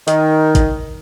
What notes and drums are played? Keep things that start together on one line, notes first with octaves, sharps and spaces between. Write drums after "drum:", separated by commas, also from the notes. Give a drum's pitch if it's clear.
D#3, drum: hi-hat
drum: kick G#1, hi-hat